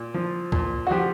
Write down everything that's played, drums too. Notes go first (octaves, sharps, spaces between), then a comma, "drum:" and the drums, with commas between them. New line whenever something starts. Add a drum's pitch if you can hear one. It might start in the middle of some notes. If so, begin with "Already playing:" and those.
Already playing: A#2
F3
A#2, drum: kick
F#4
F3 G4